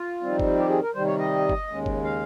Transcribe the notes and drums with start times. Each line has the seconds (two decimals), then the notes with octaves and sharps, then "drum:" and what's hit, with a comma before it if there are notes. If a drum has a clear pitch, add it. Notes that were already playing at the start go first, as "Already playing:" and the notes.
Already playing: F4
0.21 F2 D#3 G3 C4
0.40 drum: kick G1
0.58 G4
0.70 G#4
0.82 A#4
0.95 C3 D#3 G3 C5
1.06 C#5
1.19 D#5
1.49 drum: kick G1
1.68 D#2 C#3 G#3
1.86 drum: kick G1
2.04 F5